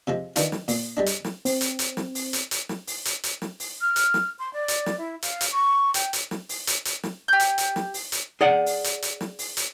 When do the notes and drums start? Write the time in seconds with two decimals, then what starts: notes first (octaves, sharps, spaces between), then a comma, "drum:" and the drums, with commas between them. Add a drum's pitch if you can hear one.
0.07 C3 F3 G#3
0.36 D#3 E3 D4 F4, drum: hi-hat
0.52 drum: snare
0.68 A#2, drum: open hi-hat
0.97 G3 G#3 D4
1.06 drum: hi-hat
1.24 drum: snare
1.45 C4, drum: open hi-hat
1.61 drum: hi-hat
1.79 drum: hi-hat
1.97 drum: snare
2.15 drum: open hi-hat
2.33 drum: hi-hat
2.51 drum: hi-hat
2.69 drum: snare
2.87 drum: open hi-hat
3.05 drum: hi-hat
3.24 drum: hi-hat
3.42 drum: snare
3.60 drum: open hi-hat
3.81 F6
3.96 drum: hi-hat
4.14 drum: snare
4.39 C6
4.53 D5
4.68 drum: hi-hat
4.86 drum: snare
4.98 E4
5.23 F5, drum: hi-hat
5.41 drum: hi-hat
5.52 C#6
5.94 G5, drum: hi-hat
6.13 drum: hi-hat
6.31 drum: snare
6.49 drum: open hi-hat
6.67 drum: hi-hat
6.85 drum: hi-hat
7.03 drum: snare
7.28 G4 G6
7.40 drum: hi-hat
7.58 drum: hi-hat
7.76 drum: snare
7.94 drum: open hi-hat
8.12 drum: hi-hat
8.41 G#4 D5 F#5
8.66 drum: open hi-hat
8.84 drum: hi-hat
9.02 drum: hi-hat
9.21 drum: snare
9.39 drum: open hi-hat
9.57 drum: hi-hat